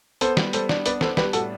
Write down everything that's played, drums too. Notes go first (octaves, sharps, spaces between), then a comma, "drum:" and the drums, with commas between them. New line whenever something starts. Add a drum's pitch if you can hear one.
B3 A4 C5, drum: hi-hat
G3, drum: snare
G3 A4 C5, drum: hi-hat
D4, drum: snare
B3 B4 D5, drum: hi-hat
B3 A4 C5, drum: snare
G3 G4 B4, drum: snare
A2 F#4 A4, drum: hi-hat